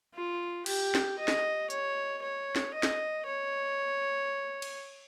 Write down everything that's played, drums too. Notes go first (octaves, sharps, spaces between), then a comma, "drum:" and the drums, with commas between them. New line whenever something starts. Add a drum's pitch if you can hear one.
F4
G4, drum: cymbal
drum: snare
D#5
drum: snare
C#5, drum: hi-hat
C#5
drum: snare
D#5
drum: snare
C#5
drum: cymbal